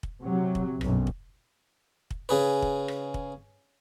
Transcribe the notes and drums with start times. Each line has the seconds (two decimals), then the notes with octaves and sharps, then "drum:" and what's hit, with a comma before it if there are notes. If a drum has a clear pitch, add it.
0.03 drum: kick
0.23 C3 F#3
0.55 drum: kick
0.81 B1 F#2, drum: rim click
1.07 drum: kick
2.11 drum: kick
2.29 C#3 G#4 B4
2.62 drum: kick
2.88 drum: rim click
3.14 drum: kick